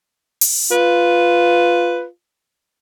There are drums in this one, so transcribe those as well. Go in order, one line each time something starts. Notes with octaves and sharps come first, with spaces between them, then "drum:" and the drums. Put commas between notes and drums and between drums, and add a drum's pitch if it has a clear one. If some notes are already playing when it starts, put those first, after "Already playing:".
drum: open hi-hat
F4 B4